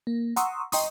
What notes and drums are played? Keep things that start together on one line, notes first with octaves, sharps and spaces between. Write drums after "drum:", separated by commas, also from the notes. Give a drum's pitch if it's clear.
A#3
F#5 A#5 C6 C#6 D#6 E6, drum: hi-hat
D#5 G5 A#5 C6 C#6 D#6, drum: open hi-hat